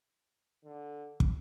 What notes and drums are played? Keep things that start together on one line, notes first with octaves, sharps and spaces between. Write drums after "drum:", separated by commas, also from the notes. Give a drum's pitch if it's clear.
D3
drum: kick